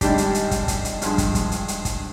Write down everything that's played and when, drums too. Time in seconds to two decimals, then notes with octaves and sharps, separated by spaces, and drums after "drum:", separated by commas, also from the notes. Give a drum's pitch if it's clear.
0.01 G#1 G#2 G3 D4 G4, drum: kick, hi-hat
0.18 drum: hi-hat
0.35 drum: hi-hat
0.51 drum: kick, hi-hat
0.68 drum: kick, hi-hat
0.85 drum: hi-hat
1.02 G2 F3 G#3, drum: hi-hat
1.18 drum: kick, hi-hat
1.35 drum: kick, hi-hat
1.52 drum: hi-hat
1.68 drum: hi-hat
1.85 drum: kick, hi-hat